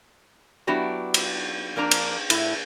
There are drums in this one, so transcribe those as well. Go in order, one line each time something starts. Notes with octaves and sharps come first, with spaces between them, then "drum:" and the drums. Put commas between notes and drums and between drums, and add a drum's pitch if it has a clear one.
F#3 B3 D4 E4 F#4 G4
drum: cymbal
F2 A#3 D4 A#5
drum: cymbal
A2 E4, drum: cymbal